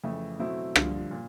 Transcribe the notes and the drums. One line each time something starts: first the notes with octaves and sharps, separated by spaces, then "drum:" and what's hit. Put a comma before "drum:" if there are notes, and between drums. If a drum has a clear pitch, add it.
F2 C#3 E3 A3
B2 F#3 A3 C4 E4
G2 D3 F3, drum: rim click
A#2